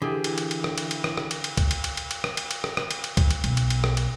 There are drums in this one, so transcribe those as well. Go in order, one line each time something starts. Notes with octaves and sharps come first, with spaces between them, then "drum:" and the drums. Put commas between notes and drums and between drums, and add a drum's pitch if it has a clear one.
D3 E3 G4 G#4
drum: cymbal
drum: cymbal
drum: cymbal
drum: rim click
drum: cymbal
drum: cymbal
drum: rim click
drum: rim click
drum: cymbal
drum: cymbal
drum: kick C#2, cymbal
drum: cymbal
drum: cymbal
drum: cymbal
drum: cymbal
drum: rim click
drum: cymbal
drum: cymbal
drum: rim click
drum: rim click
drum: cymbal
drum: cymbal
drum: kick C#2, cymbal
drum: cymbal
B1, drum: cymbal
drum: cymbal
drum: cymbal
drum: rim click
drum: cymbal